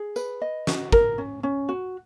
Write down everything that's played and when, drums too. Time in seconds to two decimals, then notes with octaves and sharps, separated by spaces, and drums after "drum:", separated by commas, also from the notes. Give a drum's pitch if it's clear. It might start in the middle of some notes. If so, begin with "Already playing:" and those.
Already playing: G#4
0.16 B4, drum: tambourine
0.42 D#5
0.67 F#4, drum: snare
0.92 A#4, drum: kick
1.18 C#4
1.43 C#4
1.69 F#4